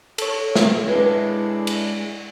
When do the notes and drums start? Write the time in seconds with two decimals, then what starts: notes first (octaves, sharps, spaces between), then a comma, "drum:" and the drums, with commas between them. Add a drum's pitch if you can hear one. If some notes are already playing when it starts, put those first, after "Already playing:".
0.18 A4 C#5, drum: cymbal
0.56 drum: snare
0.88 G#3 D4 E4 B4
1.67 drum: cymbal